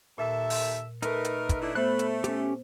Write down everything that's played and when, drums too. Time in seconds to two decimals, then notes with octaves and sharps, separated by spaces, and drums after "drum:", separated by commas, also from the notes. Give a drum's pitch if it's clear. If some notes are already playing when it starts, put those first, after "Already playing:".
0.18 D#2 A#2 A4 E5
0.50 drum: open hi-hat
1.02 A3 D#4 A#4 B4, drum: hi-hat
1.25 drum: hi-hat
1.49 drum: kick, hi-hat
1.61 A3 D4 E4
1.75 A3 B3 C5 B5 F#6
1.99 drum: hi-hat
2.24 C#4 G4, drum: hi-hat